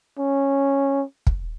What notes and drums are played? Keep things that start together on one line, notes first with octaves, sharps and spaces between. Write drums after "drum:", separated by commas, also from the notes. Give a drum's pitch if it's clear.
C#4
drum: kick